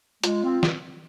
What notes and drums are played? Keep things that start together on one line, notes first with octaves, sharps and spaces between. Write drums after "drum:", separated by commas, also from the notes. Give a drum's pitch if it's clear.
G#3 F4, drum: hi-hat
C4
drum: snare